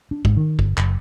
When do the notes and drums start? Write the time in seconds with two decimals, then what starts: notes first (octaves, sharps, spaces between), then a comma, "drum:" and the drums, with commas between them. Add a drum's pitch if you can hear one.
0.11 D4
0.25 G#2, drum: kick
0.37 D#3
0.59 G1, drum: kick
0.78 F#1, drum: clap